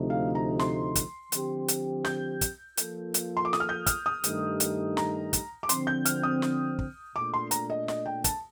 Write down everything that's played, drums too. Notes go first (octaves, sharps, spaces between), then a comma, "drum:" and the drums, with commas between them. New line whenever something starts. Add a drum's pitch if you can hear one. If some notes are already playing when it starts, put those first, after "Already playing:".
Already playing: D2 C3 F3 A3 D#4
F5
A#5
C6, drum: snare
drum: kick, hi-hat
D3 F3 C4 G4, drum: hi-hat
drum: hi-hat
G6, drum: snare
drum: kick, hi-hat
F3 A#3 F4 A4, drum: hi-hat
drum: hi-hat
C6
D6
D#6, drum: snare
F6
G6
F6, drum: kick, hi-hat
D#6
G2 D#3 A3 D#4 G4, drum: hi-hat
drum: hi-hat
A#5, drum: snare
drum: kick, hi-hat
D6
D3 F3 C4 C6, drum: hi-hat
G6
F6, drum: hi-hat
D#6
drum: snare
drum: kick
A#2 A3 D4 D6
C6
A#5, drum: hi-hat
D#5
D#5, drum: snare
G5
A5, drum: kick, hi-hat